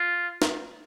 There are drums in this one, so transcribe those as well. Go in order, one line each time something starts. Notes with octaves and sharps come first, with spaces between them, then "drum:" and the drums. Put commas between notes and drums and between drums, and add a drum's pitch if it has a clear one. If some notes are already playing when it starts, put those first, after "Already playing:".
Already playing: F4
drum: snare